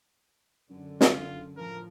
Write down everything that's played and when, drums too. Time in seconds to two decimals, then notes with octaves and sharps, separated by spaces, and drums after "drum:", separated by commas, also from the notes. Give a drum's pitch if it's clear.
0.70 F#2 D3
1.01 F4, drum: snare
1.57 A2 F3 A#4